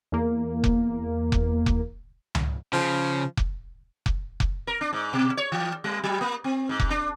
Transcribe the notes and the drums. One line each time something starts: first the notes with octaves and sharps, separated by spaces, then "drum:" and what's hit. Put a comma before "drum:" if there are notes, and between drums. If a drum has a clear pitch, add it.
E2 A#3
drum: kick F1
drum: kick F1
drum: kick F1
drum: tom C#2
C#3 F3
drum: kick F1
drum: kick F1
drum: kick F1
A#4
D4
G#2
B2
C#5
E3
G3
F#3
A#3
C4
G#2
drum: kick F1
D4